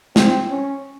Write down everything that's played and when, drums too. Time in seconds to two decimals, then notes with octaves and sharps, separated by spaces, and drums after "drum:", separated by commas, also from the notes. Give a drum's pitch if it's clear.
0.16 C4, drum: snare
0.50 C#4